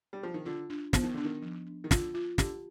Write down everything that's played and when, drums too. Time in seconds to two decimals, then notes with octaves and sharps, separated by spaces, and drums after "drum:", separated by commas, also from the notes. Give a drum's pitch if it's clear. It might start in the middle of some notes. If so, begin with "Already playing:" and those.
0.13 G3
0.23 F3
0.34 D#3
0.45 D3 F4
0.70 D4
0.93 F3 B3, drum: snare
1.03 D#3
1.14 D3 D4
1.24 D#3
1.42 F3
1.66 D4
1.84 D#3
1.91 D3 F4, drum: snare
2.14 F4
2.38 D3 G4, drum: snare